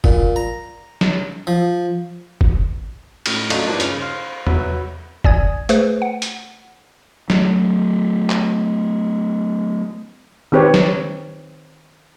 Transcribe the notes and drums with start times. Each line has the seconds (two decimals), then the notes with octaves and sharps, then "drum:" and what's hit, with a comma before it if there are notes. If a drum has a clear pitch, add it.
0.04 A#2, drum: kick
0.36 A#5
1.01 drum: snare
1.47 F3
2.41 drum: kick
3.26 A2 F6, drum: cymbal
3.50 F#3 A3 D4 D#4 F4, drum: cymbal
3.66 G2 E3 F3 A#3 D4 E4
3.80 C#3 F6, drum: hi-hat
4.01 C5 F5
4.47 F#3 B4 E5, drum: tom E2
5.24 D5 G#5 D#6 G#6, drum: kick
5.69 A3 G#4 B4 C5, drum: hi-hat
6.02 F#5
6.22 drum: hi-hat
7.30 F#3 A3, drum: snare
8.30 drum: clap
10.52 D#3 C4 G4 B4 C#5
10.74 drum: snare